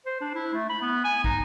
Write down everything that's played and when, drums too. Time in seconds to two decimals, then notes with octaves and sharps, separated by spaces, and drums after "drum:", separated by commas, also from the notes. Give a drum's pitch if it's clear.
0.06 C5
0.21 D4
0.35 E4
0.54 A3
0.69 B5
0.81 B3
1.04 G#5
1.24 D#4, drum: kick